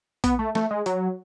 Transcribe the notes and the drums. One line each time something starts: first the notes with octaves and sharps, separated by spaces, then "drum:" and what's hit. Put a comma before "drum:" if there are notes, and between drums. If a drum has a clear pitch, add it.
B3, drum: kick A#1, hi-hat
A3
A3, drum: snare
G#3
F#3, drum: hi-hat